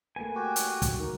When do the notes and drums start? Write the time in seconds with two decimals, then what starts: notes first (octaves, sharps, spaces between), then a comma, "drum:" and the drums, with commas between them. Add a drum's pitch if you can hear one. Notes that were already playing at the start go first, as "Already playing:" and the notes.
0.16 A3 A#3 B4 G#5
0.35 F#4 G4
0.56 drum: hi-hat
0.82 F#3, drum: kick, hi-hat
0.98 D#4 A#4